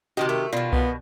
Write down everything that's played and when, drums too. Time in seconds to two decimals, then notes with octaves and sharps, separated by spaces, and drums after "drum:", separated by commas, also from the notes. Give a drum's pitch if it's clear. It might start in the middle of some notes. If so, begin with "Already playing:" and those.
0.17 C3 D#3 F#4 G4 D#5 A5
0.29 A3 A#4
0.53 B2 D#3 F4 D5
0.72 B3, drum: kick C2